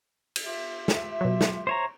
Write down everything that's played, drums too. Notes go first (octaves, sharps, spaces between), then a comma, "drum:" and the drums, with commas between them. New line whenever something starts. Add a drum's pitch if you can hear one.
drum: cymbal
F4 G4 E5
drum: snare
B2 F#3
drum: snare
C5 C#5 A#5